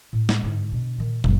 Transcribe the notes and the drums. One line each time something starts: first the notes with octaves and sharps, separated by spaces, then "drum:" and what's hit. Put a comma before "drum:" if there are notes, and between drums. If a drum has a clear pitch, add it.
A2
drum: snare
G#2 D3
B2 D4
A#2 D#3
F#1 F#3, drum: tom